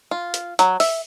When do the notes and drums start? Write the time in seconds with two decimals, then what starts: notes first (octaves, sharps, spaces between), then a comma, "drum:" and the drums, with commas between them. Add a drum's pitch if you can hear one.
0.11 F4
0.34 drum: hi-hat
0.59 F#3, drum: hi-hat
0.80 E5, drum: open hi-hat